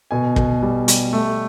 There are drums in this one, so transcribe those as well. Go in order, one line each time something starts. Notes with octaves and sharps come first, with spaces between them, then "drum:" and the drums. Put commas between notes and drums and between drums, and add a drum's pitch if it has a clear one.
B2 G#5
B2, drum: kick
G3
G3, drum: hi-hat
A3